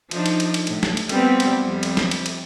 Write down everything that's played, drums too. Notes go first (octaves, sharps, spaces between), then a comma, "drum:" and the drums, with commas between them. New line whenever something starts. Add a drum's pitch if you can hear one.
F3 D4 D#4, drum: cymbal
drum: cymbal
drum: cymbal
drum: cymbal
A2, drum: cymbal
drum: snare
drum: cymbal
G3 B3 C4, drum: cymbal
drum: cymbal
F2 G3
drum: cymbal
drum: snare
drum: cymbal
drum: cymbal